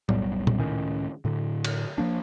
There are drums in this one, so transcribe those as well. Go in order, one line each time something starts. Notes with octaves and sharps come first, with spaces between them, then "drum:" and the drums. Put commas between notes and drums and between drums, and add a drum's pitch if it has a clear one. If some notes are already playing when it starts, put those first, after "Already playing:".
E1 B1 F#3 G3, drum: tom A2
drum: tom A#2
C#2 A2 D#3 C#4
A2 D3
drum: cymbal
F3 A#3 D4